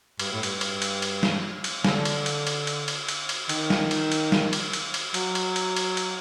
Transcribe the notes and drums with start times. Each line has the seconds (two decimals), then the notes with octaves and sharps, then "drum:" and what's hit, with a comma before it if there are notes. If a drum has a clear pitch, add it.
0.19 G2, drum: cymbal
0.32 A2
0.43 G2, drum: cymbal
0.61 drum: cymbal
0.82 drum: cymbal
1.02 drum: cymbal
1.23 drum: snare
1.64 drum: cymbal
1.84 D3, drum: snare
2.05 drum: cymbal
2.26 drum: cymbal
2.47 drum: cymbal
2.67 drum: cymbal
2.88 drum: cymbal
3.08 drum: cymbal
3.29 drum: cymbal
3.49 D#3, drum: cymbal
3.70 drum: snare
3.91 drum: cymbal
4.12 drum: cymbal
4.32 drum: snare
4.53 drum: cymbal
4.73 drum: cymbal
4.94 drum: cymbal
5.14 F#3, drum: cymbal
5.35 drum: cymbal
5.56 drum: cymbal
5.76 drum: cymbal
5.97 drum: cymbal